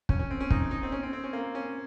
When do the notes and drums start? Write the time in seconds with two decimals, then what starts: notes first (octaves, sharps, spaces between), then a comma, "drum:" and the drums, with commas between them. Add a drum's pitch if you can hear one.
0.09 C#4, drum: kick
0.19 C#4
0.31 C4
0.41 C#4
0.50 D#4, drum: kick
0.71 D#4
0.83 C4
0.92 C#4
1.03 C4
1.13 C4
1.24 C#4
1.33 A#3
1.55 C#4